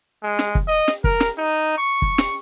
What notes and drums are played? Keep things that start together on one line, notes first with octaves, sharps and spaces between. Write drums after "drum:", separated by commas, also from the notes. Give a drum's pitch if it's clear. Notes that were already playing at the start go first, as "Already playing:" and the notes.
G#3
drum: snare
drum: kick
D#5
drum: snare
A#4, drum: kick
drum: snare
D#4
C#6
drum: kick
drum: snare